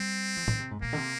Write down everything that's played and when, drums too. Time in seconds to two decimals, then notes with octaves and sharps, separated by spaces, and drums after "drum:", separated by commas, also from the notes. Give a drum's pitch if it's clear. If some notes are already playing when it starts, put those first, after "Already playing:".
Already playing: G3 C4
0.37 F3
0.48 D#3, drum: tom
0.59 C3
0.71 G#2
0.82 A#2 A#3
0.93 D3
0.98 C3